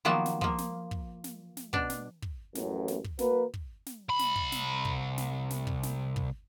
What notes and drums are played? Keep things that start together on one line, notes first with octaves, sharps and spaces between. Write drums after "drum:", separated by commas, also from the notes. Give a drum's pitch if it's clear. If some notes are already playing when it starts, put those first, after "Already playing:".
D#3 F3 F#3 A#3 B3 A5
drum: snare
F3 A#3, drum: kick
drum: snare
drum: kick
drum: snare
drum: snare
B2 D4, drum: kick
drum: snare
drum: kick
A1 F#2, drum: snare
drum: snare
drum: kick
A#3 F#4 B4, drum: snare
drum: kick
drum: snare
C2 B5
drum: snare
drum: kick
drum: snare
drum: kick
drum: snare
drum: snare
drum: kick
drum: snare
drum: kick